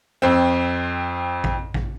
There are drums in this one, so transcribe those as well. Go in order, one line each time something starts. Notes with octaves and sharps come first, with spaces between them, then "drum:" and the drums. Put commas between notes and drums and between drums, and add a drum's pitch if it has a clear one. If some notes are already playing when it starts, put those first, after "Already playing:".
F2 C4
drum: kick A1
drum: kick A1